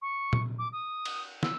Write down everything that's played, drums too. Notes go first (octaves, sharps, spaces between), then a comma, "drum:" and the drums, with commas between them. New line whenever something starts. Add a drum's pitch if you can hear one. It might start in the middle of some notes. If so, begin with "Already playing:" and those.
C#6
drum: tom A#2
D6
D#6
drum: cymbal
E6, drum: snare